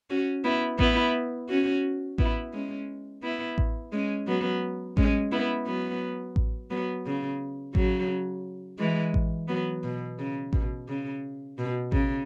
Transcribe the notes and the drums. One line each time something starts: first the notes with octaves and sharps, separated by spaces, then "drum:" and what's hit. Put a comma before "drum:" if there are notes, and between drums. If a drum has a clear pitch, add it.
C#4 F#4
B3 E4
B3 E4, drum: kick A1
C#4 F#4
B3 E4, drum: kick A1
G#3 C#4
B3 E4
drum: kick A1
G#3 C#4
F#3 B3
G#3 C#4, drum: kick A1
B3 E4
F#3 B3
drum: kick A1
F#3 B3
C#3
C#3 F#3, drum: kick A1
E3 G#3
drum: kick A1
F#3 B3
B2
C#3
B2, drum: kick A1
C#3
B2
C#3, drum: kick A1